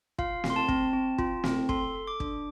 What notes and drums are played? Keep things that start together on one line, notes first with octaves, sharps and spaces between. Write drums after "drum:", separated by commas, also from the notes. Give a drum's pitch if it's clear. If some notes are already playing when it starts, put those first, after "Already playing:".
F4 F5, drum: kick
C4, drum: snare
C6
A5
C4, drum: kick
C4
F4, drum: kick
C4, drum: snare
A4 C6, drum: kick
A4
D6
D4, drum: kick